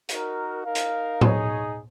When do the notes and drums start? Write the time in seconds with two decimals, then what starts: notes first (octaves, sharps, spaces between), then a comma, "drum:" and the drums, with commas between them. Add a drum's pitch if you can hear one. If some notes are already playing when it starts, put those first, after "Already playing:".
0.09 D#4 F#4 A#4, drum: hi-hat
0.65 D#4 A#4 F5
0.75 drum: hi-hat
1.21 D#4 G#4 C#5, drum: tom A2